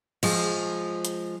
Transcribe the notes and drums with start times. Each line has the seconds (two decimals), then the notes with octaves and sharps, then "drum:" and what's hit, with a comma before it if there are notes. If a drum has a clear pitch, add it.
0.23 F3 G#3, drum: cymbal
1.05 drum: hi-hat